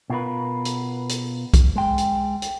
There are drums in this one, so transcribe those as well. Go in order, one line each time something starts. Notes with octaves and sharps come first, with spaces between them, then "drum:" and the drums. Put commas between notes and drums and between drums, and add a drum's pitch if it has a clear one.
B2 F4 A#4 B4
drum: hi-hat
drum: hi-hat
drum: kick B1, hi-hat
G#3 G5
drum: hi-hat
drum: hi-hat